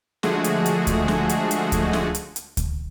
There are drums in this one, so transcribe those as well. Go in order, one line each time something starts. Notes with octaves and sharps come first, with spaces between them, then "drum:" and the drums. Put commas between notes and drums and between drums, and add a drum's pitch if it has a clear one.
D3 F3 G#3 A3 F#4 G#4, drum: snare
drum: hi-hat
drum: hi-hat
drum: kick D2, hi-hat
drum: snare
drum: hi-hat
drum: hi-hat
drum: kick D2, hi-hat
drum: snare
drum: hi-hat
drum: hi-hat
drum: kick D2, hi-hat